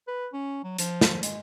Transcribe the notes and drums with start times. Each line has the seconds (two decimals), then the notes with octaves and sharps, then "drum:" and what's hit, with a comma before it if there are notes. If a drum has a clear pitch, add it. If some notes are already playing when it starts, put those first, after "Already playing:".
0.07 B4
0.33 C#4
0.64 F#3
0.79 F3, drum: hi-hat
1.01 drum: snare
1.23 G#3, drum: hi-hat